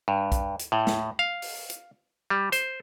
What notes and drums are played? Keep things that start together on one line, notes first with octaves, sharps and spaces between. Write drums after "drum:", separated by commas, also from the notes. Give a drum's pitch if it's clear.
G2
drum: kick, hi-hat
drum: hi-hat
A2
drum: snare
F5
drum: open hi-hat
drum: hi-hat
G3
C5, drum: hi-hat